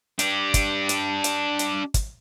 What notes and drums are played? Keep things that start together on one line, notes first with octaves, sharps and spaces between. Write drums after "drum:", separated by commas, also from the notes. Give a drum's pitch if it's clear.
D4 G4, drum: hi-hat
drum: kick, hi-hat
drum: hi-hat
drum: hi-hat
drum: hi-hat
drum: kick, hi-hat